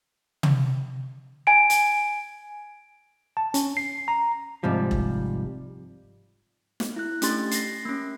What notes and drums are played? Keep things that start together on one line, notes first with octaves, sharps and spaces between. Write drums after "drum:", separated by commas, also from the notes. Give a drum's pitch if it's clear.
drum: tom
G#5 D7
drum: hi-hat
A5
C#4, drum: hi-hat
C7
A#5
G#2 C3 F3 G3
drum: kick E1
drum: snare
E4 F#6
A3 C#4 D4 G4 C6 A6, drum: hi-hat
A#6 C7, drum: hi-hat
A#3 C#4